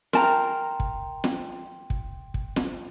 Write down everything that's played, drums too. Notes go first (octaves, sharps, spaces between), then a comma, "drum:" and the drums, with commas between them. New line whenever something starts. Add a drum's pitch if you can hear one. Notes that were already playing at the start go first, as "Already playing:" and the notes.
A#4 G5 A5 A#5 C6, drum: snare
drum: kick
drum: snare
drum: kick
drum: kick
drum: snare